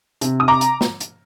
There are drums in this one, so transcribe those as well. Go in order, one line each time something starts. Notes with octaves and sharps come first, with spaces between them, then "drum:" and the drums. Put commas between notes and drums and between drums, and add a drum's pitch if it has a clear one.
C3, drum: hi-hat
D#6
A#5 D6
drum: hi-hat
drum: snare
drum: hi-hat